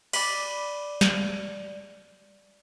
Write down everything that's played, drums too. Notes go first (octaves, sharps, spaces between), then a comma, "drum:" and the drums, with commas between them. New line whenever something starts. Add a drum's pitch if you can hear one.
D5 B5, drum: cymbal
drum: snare